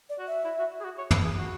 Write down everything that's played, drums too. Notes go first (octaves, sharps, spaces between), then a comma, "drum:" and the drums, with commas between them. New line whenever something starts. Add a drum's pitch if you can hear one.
D5
F#4
E5
E4
F#4
G#4
F#4
C#5
B4, drum: tom
G#4
F#4